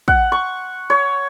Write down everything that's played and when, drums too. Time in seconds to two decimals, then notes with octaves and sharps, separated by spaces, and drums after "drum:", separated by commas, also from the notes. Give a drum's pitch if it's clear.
0.08 F#5, drum: kick
0.32 C#6
0.90 C#5